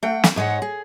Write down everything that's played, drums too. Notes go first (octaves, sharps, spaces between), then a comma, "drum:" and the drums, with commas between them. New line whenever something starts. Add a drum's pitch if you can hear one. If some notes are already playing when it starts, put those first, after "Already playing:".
A3 F#5 G5
drum: snare
G#2 G#3 C#5 F#5
G#4